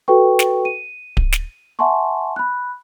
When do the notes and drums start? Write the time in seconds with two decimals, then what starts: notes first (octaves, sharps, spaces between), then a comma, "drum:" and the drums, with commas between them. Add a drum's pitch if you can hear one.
0.08 F#4 A4 B4 G5 C#6
0.39 drum: snare
0.65 D#7
1.17 drum: kick D1
1.32 drum: snare
1.79 E5 F#5 G#5 A5 C6 C#6
2.36 B5 F#6